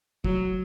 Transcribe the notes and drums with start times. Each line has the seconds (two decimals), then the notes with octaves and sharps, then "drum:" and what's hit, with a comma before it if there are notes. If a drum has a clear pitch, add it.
0.24 F#3, drum: kick